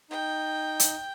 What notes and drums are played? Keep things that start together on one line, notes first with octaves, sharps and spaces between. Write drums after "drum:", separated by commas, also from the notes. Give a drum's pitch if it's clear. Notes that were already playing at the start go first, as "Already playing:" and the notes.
D#4 G5
drum: hi-hat